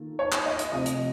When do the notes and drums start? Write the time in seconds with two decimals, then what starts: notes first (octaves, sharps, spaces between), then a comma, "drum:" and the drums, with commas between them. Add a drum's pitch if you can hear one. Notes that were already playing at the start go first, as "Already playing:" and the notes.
Already playing: D#3 A#3 F4 A4
0.19 C#5
0.32 drum: clap
0.46 D#5
0.59 drum: hi-hat
0.72 C3 F3 A3 C4 D#5
0.86 drum: hi-hat